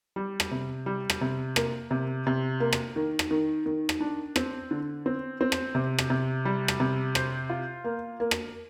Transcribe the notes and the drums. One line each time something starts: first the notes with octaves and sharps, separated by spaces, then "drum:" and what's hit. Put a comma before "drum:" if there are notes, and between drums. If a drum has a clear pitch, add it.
G3
drum: rim click
C3
G3
drum: rim click
C3
A#3, drum: rim click
C3
C3
A#3
drum: rim click
D#3
drum: rim click
D#3
D#3
drum: rim click
D4
C4, drum: rim click
D3
C4
C4
drum: rim click
C3
drum: rim click
C3
G3
drum: rim click
C3
C5, drum: rim click
F4
A#3
A#3
drum: rim click